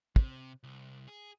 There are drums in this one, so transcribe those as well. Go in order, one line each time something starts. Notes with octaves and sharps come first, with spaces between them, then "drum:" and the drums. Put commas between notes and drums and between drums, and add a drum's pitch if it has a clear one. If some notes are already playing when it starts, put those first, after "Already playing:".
C3, drum: kick
C2
G#4